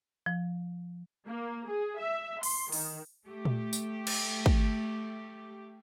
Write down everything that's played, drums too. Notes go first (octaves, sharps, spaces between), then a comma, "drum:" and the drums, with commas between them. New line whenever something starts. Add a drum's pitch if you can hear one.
F3
A#3
G#4
E5
C6, drum: open hi-hat
D#3, drum: open hi-hat
A3 G4
drum: tom A#2
drum: tambourine
drum: cymbal
drum: kick